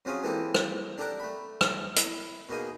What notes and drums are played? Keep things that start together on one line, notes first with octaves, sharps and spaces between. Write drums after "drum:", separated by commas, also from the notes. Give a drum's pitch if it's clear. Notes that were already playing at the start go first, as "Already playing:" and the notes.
C3 F3 F#3 C#4 F4 G#4
E3 G#3 A#3 C4 G4 A4
drum: rim click
D4 G4 A4 A#4 F#5 D6
A3 B5
drum: rim click
E4, drum: hi-hat
B2 A#3 D#4 G#4